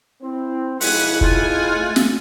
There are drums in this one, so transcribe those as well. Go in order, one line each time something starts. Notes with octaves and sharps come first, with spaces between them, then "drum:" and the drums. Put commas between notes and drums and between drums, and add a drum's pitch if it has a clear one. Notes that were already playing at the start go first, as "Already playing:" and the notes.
C4 E4
B1 F2 G#3 E4 F#5 G#5, drum: open hi-hat
F4 F#5 G#5, drum: kick
A3
drum: snare